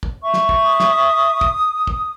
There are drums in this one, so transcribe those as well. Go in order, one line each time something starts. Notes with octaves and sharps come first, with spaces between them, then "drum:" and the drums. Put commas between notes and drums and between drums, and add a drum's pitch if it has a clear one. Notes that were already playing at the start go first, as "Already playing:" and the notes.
drum: kick
E5 C#6
drum: snare
drum: kick
D#6
drum: snare
drum: kick
drum: kick